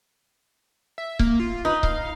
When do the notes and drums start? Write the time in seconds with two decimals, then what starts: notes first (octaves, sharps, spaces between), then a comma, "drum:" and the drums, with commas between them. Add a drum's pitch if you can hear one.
0.98 E5
1.19 A#3, drum: kick C#1
1.40 F4
1.65 D#4 B4
1.83 F5, drum: kick C#1